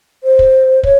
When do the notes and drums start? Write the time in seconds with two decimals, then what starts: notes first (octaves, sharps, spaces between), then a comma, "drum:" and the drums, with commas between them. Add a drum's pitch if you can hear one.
0.24 C5
0.39 drum: kick
0.83 C#5, drum: kick